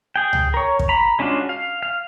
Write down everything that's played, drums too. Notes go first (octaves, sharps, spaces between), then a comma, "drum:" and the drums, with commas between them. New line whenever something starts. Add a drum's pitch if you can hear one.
G#4 G5
drum: tom C#2
A#4 C#5
drum: kick
A#5 B5
G#3 C#4 D4 F4 F#4
F5
F5